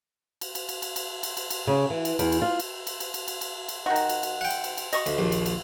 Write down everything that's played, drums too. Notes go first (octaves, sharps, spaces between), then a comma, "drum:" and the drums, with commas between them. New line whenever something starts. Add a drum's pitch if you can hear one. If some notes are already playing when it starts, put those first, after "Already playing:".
drum: cymbal
drum: cymbal
drum: cymbal
drum: cymbal
drum: cymbal
drum: cymbal
drum: cymbal
drum: cymbal
C#3
E3
drum: cymbal
E2, drum: cymbal
drum: cymbal
F4
drum: cymbal
drum: cymbal
drum: cymbal
drum: cymbal
drum: cymbal
drum: cymbal
drum: cymbal
D#3 F#4
drum: cymbal
drum: cymbal
drum: cymbal
F#5 G5
drum: cymbal
drum: cymbal
drum: cymbal
D#5 C#6, drum: cymbal
D2, drum: cymbal
A#1 D#2
drum: cymbal
drum: cymbal